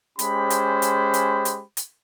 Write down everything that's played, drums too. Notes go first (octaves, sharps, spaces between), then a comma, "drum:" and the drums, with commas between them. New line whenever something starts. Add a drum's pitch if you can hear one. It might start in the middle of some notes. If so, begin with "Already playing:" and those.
G#3 C#4 G4 C5 B5, drum: hi-hat
drum: hi-hat
drum: hi-hat
drum: hi-hat
drum: hi-hat
drum: hi-hat